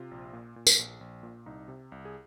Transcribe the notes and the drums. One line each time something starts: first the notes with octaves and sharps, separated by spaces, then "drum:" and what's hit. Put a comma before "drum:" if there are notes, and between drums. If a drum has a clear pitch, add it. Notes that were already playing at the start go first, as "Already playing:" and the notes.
Already playing: C3 F4
A#1
A#2
A#2
drum: tambourine
A#1
A#1
A#2
C2 D#4
C3
C2
G#4